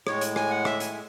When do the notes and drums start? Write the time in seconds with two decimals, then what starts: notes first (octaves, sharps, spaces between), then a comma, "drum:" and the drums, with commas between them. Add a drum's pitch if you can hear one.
0.07 A2 G#3 C#5, drum: rim click
0.21 drum: hi-hat
0.36 G#5, drum: rim click
0.50 F#5
0.65 E5, drum: rim click
0.80 G#5, drum: hi-hat